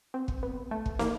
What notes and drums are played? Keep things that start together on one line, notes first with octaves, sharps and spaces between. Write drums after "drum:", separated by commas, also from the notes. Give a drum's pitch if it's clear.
C4
drum: kick
B3
A3
drum: kick
A#3, drum: snare